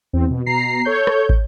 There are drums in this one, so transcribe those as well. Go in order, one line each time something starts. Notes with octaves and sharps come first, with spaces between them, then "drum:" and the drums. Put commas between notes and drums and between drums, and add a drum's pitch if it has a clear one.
E2 C4
B2
B2 A#5 C7
A4 C#5 G6
drum: rim click
drum: kick